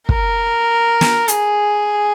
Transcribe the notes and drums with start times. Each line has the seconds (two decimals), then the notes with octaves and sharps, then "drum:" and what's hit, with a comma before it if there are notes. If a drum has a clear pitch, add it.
0.09 A#4, drum: kick
1.01 drum: snare
1.28 G#4, drum: hi-hat